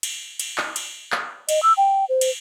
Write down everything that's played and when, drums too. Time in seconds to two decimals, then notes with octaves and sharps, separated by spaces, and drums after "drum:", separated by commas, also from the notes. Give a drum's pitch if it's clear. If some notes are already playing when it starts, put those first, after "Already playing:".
0.03 drum: cymbal
0.39 drum: cymbal
0.58 drum: clap
0.76 drum: cymbal
1.12 drum: clap
1.49 D#5, drum: cymbal
1.63 E6
1.77 G5
2.09 C5
2.21 drum: cymbal